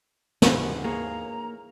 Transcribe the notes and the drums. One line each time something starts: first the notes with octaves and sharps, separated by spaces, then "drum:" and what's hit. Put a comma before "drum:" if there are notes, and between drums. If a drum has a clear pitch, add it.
D#2 G#2 D3 E3 F3, drum: snare
A#3 G#4 C#5 A#5